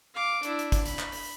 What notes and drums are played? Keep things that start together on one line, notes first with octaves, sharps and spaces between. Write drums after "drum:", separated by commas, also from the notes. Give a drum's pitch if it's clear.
F5 D6
D4 E4, drum: hi-hat
drum: hi-hat
drum: kick, hi-hat
B5, drum: hi-hat
drum: clap
drum: open hi-hat